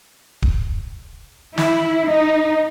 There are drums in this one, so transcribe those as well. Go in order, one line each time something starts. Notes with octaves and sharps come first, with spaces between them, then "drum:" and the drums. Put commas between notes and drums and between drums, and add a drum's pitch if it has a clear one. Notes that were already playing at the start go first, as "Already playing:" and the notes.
drum: kick D1
E4, drum: snare
D#4